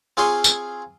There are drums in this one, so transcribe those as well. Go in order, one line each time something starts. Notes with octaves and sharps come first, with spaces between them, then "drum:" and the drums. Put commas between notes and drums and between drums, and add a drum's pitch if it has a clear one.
C4 F4 G#4 C#5 G#5 C6
drum: tambourine